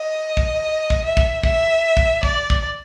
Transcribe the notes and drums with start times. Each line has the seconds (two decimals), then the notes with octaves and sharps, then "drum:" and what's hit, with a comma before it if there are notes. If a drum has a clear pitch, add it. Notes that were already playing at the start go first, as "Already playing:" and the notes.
Already playing: D#5
0.37 drum: kick
0.90 drum: kick
1.04 E5
1.17 drum: kick
1.43 E5, drum: kick
1.97 drum: kick
2.23 D5, drum: kick
2.50 drum: kick